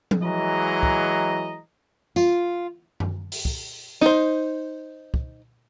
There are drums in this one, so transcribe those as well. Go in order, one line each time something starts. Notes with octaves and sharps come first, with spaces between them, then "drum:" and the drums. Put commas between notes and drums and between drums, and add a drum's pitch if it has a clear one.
drum: tom F3
E3 F#3 G#3 D#5 A#5
drum: kick
F4, drum: tambourine
drum: tom F#2
drum: open hi-hat
drum: kick
D#4 C5, drum: snare
drum: kick